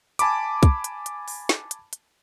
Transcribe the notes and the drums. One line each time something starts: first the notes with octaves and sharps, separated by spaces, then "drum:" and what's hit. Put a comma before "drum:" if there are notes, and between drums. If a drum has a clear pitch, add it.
G#5 A5 B5 D6, drum: hi-hat
drum: kick, hi-hat
drum: hi-hat
drum: hi-hat
drum: open hi-hat
drum: snare
drum: hi-hat
drum: hi-hat